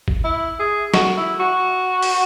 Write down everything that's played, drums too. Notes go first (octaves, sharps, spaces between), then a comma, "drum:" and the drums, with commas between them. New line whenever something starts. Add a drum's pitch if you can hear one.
drum: kick G1
E4
G#4
F#4, drum: snare
E4
F#4
drum: open hi-hat